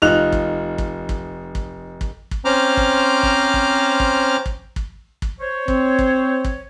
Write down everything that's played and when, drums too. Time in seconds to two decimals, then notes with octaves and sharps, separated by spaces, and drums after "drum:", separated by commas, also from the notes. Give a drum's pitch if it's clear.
0.02 F1 D#4 F4 F#6 F7
0.32 drum: kick
0.78 drum: kick
1.09 drum: kick
1.55 drum: kick
2.01 drum: kick
2.31 drum: kick
2.45 C4 C#4 C5 A#5 D6 F6
2.77 drum: kick
3.23 drum: kick
3.54 drum: kick
4.00 drum: kick
4.46 drum: kick
4.76 drum: kick
5.22 drum: kick
5.40 C5 C#5
5.68 C4, drum: kick
5.99 drum: kick
6.45 drum: kick